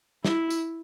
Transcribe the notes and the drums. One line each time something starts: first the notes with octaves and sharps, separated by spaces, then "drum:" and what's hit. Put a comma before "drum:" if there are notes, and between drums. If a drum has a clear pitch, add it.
E4, drum: snare
drum: tambourine